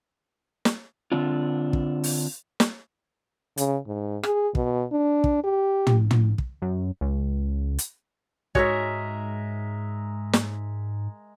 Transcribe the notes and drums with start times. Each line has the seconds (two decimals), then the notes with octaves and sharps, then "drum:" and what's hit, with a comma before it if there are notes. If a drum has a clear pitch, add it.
0.65 drum: snare
1.12 D3 C4 D4 F4
1.73 drum: kick
2.04 drum: open hi-hat
2.60 drum: snare
3.57 C#3, drum: hi-hat
3.87 G#2
4.23 G#4, drum: rim click
4.55 B2, drum: kick
4.92 D4
5.24 drum: kick
5.44 G4
5.87 drum: tom
6.11 drum: tom
6.38 drum: kick
6.62 F#2
7.01 C#2
7.79 drum: hi-hat
8.55 G#2 G#3 F#4 A#4 C#5 E5, drum: kick
10.33 drum: snare